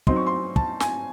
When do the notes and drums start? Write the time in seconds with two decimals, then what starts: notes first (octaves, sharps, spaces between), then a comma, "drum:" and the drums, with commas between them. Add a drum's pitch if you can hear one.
0.07 F#3 C4 D#4 C6, drum: kick
0.16 C#6
0.27 C6
0.56 A5, drum: kick
0.80 G#5, drum: snare